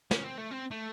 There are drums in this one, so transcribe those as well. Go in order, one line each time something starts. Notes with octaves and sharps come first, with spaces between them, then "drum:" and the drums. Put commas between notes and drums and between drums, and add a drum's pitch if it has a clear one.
C#4, drum: snare
C4
A3
C4
A3